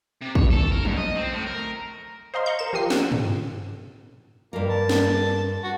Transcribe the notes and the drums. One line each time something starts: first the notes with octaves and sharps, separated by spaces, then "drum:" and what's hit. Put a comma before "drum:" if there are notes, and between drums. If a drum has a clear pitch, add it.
C3
C#5, drum: kick
A4
A#4
F#2, drum: tom F3
D#5
C4
A2
A#4
C5 D#5 F5 A#5 C6
A#5 C#6 G6
A#4 E7
F3 G4 A#4 D#6 C7
F#5 E6, drum: snare
drum: tom G2
G2 A#3 A#4
A5
drum: snare
F#4